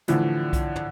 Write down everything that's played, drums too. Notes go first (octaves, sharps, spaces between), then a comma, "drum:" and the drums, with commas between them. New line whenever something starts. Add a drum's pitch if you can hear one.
A2 D3 E3 F3, drum: hi-hat
drum: kick B1, hi-hat
drum: tom